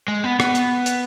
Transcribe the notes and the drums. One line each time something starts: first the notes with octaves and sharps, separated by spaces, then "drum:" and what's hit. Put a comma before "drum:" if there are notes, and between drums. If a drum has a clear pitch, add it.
G#3
B3
B3, drum: rim click
drum: hi-hat
drum: hi-hat